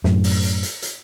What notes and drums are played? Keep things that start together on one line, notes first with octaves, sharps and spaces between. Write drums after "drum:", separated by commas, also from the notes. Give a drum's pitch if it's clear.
F#2 A2, drum: snare
drum: open hi-hat
drum: hi-hat
drum: hi-hat
drum: hi-hat